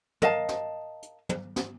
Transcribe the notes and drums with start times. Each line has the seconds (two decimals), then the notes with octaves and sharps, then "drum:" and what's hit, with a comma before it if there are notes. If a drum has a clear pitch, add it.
0.22 A#4 D#5 F5 A5, drum: tom
0.49 drum: snare
1.02 drum: hi-hat
1.29 drum: tom
1.56 drum: snare